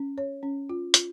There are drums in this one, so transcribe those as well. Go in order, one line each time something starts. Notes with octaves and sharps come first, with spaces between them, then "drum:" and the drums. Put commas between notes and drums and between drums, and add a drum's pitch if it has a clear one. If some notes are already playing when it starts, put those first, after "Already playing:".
Already playing: C#4
C#5
C#4
F4
F4, drum: hi-hat